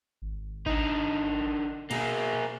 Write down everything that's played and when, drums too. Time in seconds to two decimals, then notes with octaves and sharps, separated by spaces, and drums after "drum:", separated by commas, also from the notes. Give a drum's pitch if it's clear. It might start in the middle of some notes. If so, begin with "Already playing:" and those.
0.22 G#1
0.66 D3 D#4, drum: kick G#1
1.91 B2 A#3 G#4, drum: cymbal